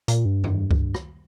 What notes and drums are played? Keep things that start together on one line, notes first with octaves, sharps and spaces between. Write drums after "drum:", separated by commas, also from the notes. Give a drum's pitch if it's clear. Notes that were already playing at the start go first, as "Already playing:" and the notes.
A#2, drum: hi-hat
G2
drum: tom F2
drum: kick C#2
drum: rim click